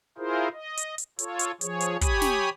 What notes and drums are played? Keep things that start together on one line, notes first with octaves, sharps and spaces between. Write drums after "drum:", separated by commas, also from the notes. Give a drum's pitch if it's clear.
E4 F4 G#4 A#4 C5
D#5
drum: hi-hat
drum: hi-hat
F4 A4 C#5, drum: hi-hat
drum: hi-hat
F3 G#4 C#5, drum: hi-hat
drum: hi-hat
G4 C#5 G#5 B5 D#6, drum: kick, hi-hat
drum: snare